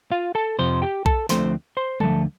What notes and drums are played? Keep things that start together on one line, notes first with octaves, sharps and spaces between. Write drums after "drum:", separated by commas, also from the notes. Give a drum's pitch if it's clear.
F4 F5
A4 A5
F2 C3 F3 C5 C6
G4 G5
A4 A5, drum: kick
D2 D3 F3 A3 C4 C5 C6, drum: snare
C5 C6
D2 D3 F3 A3 A4 A5, drum: tom F#3